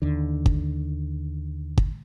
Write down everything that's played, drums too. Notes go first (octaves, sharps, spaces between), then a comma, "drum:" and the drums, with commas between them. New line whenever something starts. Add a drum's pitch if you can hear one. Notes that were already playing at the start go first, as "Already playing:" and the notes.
D#2 D3
drum: kick
drum: kick